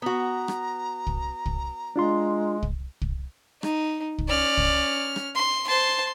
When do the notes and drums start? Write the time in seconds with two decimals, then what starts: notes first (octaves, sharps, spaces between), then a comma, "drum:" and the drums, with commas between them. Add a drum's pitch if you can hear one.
0.02 B3 F#4 A#5
0.48 drum: rim click
1.07 drum: kick
1.46 drum: kick
1.96 G#3 D4 F4 C6
2.63 drum: kick
3.02 drum: kick
3.63 D#4, drum: rim click
4.18 drum: kick
4.29 C#4 D5 F6
4.57 drum: kick
5.16 drum: rim click
5.35 C6
5.68 C5 A5 C6